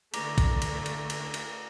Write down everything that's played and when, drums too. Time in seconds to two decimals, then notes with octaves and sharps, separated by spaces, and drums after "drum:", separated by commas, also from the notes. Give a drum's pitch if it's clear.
0.14 D3 A3 A#5 D6 A#6, drum: cymbal
0.38 drum: kick, cymbal
0.62 drum: cymbal
0.86 drum: cymbal
1.10 drum: cymbal
1.34 drum: cymbal